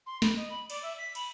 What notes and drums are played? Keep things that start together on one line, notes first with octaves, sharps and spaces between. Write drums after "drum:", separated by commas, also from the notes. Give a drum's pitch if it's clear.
C6
B5, drum: snare
D#5
B5
D5, drum: cymbal
E5
B6
B5, drum: cymbal